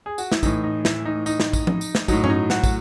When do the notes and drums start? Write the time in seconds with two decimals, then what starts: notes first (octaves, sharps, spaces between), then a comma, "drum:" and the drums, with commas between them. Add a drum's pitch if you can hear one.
0.06 G#4
0.18 F#4, drum: tambourine
0.32 E4, drum: snare
0.43 A2 E3 D#4, drum: kick, tambourine
0.64 D#4
0.85 E4, drum: snare
1.05 D#4
1.26 D#4, drum: tambourine
1.40 drum: snare
1.53 drum: kick, tambourine
1.67 drum: tom F3
1.81 drum: tambourine
1.95 drum: snare
2.08 A2 F#3 D#4, drum: kick, tambourine
2.24 C#4, drum: tom G2
2.30 D#4
2.50 F#4, drum: snare
2.64 drum: kick, tambourine